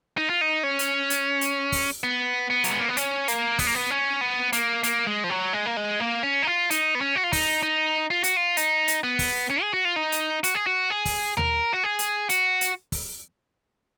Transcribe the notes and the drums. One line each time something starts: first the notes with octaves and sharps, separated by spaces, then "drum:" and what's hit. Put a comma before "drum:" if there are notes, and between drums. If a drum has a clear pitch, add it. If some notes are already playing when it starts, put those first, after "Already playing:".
D#4
F4
D#4
C#4
drum: hi-hat
drum: hi-hat
drum: hi-hat
drum: kick, open hi-hat
B3
B3
F#3, drum: hi-hat
G#3
A#3
B3
C#4, drum: hi-hat
A#3, drum: hi-hat
B3, drum: kick, open hi-hat
A#3
B3
C#4
B3
A#3, drum: hi-hat
A#3, drum: hi-hat
G#3
F3
F#3
G#3
A#3
G#3
A#3
C#4
D#4
F4
D#4, drum: hi-hat
B3
C#4
F#4
F4
D#4, drum: kick, open hi-hat
D#4
F4
F#4, drum: hi-hat
F4
D#4, drum: hi-hat
drum: hi-hat
B3
drum: kick, open hi-hat
C#4
G#4
F#4
F4
D#4
drum: hi-hat
F#4, drum: hi-hat
G#4
F#4
G#4
drum: kick, open hi-hat
A#4, drum: tom D2
F#4
G#4
drum: hi-hat
F#4, drum: hi-hat
drum: hi-hat
drum: kick, open hi-hat